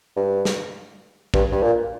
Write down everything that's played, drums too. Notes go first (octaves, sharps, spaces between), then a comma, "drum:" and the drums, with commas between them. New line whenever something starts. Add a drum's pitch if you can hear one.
G2
drum: snare
G2, drum: kick
G2
A#2